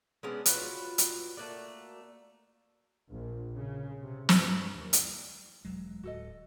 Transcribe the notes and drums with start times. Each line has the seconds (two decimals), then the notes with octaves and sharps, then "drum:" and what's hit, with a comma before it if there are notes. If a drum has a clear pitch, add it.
0.23 G#3 B3 C#4 D4
0.46 F4 F#4 B4 C#5, drum: hi-hat
0.98 drum: hi-hat
1.37 A3 A#3 F#4 D5
3.10 A#1
3.56 C#3
4.00 C3
4.29 G2, drum: snare
4.74 D#2
4.93 drum: hi-hat
5.65 E1 F#3 G#3
6.03 D1 F#4 A4 D#5